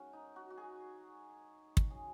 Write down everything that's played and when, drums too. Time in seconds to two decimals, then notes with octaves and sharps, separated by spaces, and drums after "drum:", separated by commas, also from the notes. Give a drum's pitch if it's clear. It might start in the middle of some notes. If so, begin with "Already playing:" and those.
Already playing: G#2 G#3 C#4 F#4
0.13 D#4
0.36 F#4
0.50 F#4
0.57 G#4
1.77 drum: kick
1.90 F#3 C#4 G#4